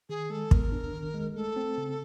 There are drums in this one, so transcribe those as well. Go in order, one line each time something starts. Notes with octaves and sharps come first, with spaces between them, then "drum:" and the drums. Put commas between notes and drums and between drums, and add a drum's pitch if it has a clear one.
D#3 G#4
G#3 A4
B3 A#4, drum: kick
D4
D#3
G#3
A3 A4
C4
C#3